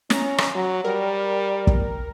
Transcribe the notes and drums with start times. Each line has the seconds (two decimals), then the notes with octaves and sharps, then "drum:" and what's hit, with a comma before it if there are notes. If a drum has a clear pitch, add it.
0.10 C#4 A#5, drum: snare
0.38 drum: rim click
0.55 F#3
0.85 G3 A#4
1.67 drum: kick